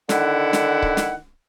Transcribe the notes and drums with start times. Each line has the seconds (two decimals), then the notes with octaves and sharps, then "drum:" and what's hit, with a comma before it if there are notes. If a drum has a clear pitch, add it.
0.09 D3 D#3 E4 F#5, drum: snare
0.53 drum: snare
0.82 drum: kick C#1
0.97 drum: snare